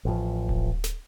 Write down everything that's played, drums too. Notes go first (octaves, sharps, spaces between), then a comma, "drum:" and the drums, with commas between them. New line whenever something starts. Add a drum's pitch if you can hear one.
A1 F3
drum: kick D1
drum: snare